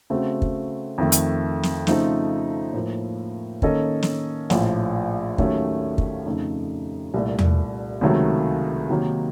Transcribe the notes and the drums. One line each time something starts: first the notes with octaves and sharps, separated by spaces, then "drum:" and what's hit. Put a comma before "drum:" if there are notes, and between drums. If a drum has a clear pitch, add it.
C#3 A3 C4 F#4
drum: kick
F2 D#3 A3
drum: hi-hat
drum: snare
C#3 F3 A3 C4 D#4, drum: snare
A2 F3 A#3
D#3 A#3 C#4 A4 D#5, drum: kick
drum: snare
A#1 A2 F3, drum: snare
D#2 D#3 F#3 A3 C#4, drum: kick
drum: kick
F2 C#3 A3 D#4
C2 A#2 A3
drum: tom E2
C#2 C3 D#3 F#3 A3
C3 D#3 F#3 A#3 D#4